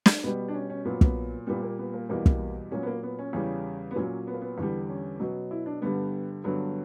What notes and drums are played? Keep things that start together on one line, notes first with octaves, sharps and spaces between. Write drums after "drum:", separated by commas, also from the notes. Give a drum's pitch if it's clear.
drum: snare
B2 G3 B3
D4
C#4
C#4
A#2 F#3 B3
B3, drum: kick
A#2 G3 B3
A#3
B3
A#3
E2 B2 G3 A#3
drum: kick
A#2 F#3 C#4
B3
A#3
B3
C#4
E2 C#3 G3 C#4
B3
A#2 F#3 C#4
B3
A#3
B3
E2 D3 G3
C#4
B2 F#3
E4
D4
G2 D3 G3 B3
G2 D3 F#3 B3